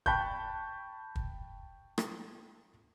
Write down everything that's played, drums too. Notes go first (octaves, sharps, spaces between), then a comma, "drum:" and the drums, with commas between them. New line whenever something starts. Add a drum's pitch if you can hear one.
G5 A5 B5 C#6 F#6 G6, drum: kick
drum: kick
drum: rim click